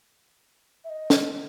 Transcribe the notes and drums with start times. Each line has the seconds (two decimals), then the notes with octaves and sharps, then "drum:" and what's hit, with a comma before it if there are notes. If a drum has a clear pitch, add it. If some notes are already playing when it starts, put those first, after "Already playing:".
0.84 E5
0.90 D#5
1.10 drum: snare